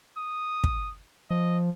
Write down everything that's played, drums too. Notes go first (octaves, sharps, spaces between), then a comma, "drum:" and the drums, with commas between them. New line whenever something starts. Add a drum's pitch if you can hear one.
D#6
drum: kick
F3 D#5